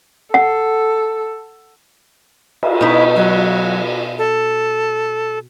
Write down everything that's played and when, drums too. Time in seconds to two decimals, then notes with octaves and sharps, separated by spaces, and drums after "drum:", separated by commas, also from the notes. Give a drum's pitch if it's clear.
0.34 A4 F#5
2.63 drum: cymbal
2.81 B2 D#4 E4
3.16 F#3
4.19 A4